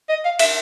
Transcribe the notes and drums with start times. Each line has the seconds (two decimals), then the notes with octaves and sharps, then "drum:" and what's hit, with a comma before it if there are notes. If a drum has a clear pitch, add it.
0.09 D#5
0.25 F5
0.39 E5, drum: cymbal